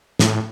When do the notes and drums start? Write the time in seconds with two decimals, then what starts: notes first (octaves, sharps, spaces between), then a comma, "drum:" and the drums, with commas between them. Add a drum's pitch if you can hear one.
0.19 A2, drum: snare